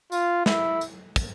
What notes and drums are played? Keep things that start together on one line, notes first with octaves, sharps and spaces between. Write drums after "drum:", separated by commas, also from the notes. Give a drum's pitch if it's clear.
F4, drum: tambourine
E4, drum: snare
drum: tambourine
drum: kick, tambourine